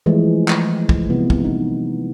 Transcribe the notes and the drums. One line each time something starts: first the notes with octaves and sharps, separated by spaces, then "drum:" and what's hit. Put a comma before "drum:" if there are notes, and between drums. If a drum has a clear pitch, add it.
E3 F3 G#3 A3
drum: clap
drum: kick
C3 G3 B3 E4
drum: kick
D#4